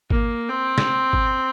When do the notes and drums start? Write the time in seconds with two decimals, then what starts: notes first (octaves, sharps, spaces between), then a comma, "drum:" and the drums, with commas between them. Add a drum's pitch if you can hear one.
0.10 A#3, drum: kick G#1
0.49 C4
0.78 drum: snare
1.13 drum: kick G#1